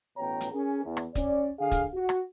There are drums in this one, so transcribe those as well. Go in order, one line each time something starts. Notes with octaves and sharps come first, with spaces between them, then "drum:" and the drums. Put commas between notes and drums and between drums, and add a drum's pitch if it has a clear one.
A1 B2 C#5 G5 A#5
drum: hi-hat
C#4 G#4 A#4
E2
drum: rim click
C#4 D5, drum: kick, hi-hat
D3 G#4 F5
drum: kick, hi-hat
F#4
drum: rim click